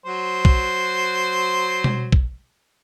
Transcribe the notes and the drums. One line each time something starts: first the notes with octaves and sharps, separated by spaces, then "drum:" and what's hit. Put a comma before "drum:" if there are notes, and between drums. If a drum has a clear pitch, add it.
F#3 C5
drum: kick B1
drum: tom B2
drum: kick B1